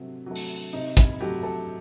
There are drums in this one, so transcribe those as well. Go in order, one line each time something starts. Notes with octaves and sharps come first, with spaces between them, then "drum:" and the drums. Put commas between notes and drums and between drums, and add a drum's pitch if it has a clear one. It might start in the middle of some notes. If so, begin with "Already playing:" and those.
Already playing: C3 F#3 A3
F#3 A3
drum: open hi-hat
C3 D#4
E4, drum: kick
F#3 A3 G4
A4